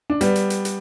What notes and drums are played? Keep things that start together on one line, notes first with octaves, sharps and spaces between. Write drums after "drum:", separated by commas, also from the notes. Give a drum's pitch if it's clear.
D4
G3 B3, drum: hi-hat
drum: hi-hat
drum: hi-hat
drum: hi-hat